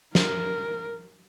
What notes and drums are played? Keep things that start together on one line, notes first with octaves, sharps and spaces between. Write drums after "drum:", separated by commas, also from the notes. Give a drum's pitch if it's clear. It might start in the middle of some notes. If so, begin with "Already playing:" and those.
A#4, drum: snare